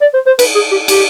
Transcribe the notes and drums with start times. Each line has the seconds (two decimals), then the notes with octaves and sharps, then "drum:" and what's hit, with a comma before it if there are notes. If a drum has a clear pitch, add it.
0.01 D5
0.14 C5
0.26 C5
0.39 B4, drum: cymbal
0.55 G#4
0.71 G4
0.88 G4, drum: cymbal